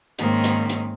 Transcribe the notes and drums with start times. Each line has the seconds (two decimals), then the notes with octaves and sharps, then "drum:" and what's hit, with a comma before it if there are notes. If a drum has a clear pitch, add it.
0.19 G#2 D#3 A#3 C4 C#4, drum: hi-hat
0.44 drum: hi-hat
0.70 drum: hi-hat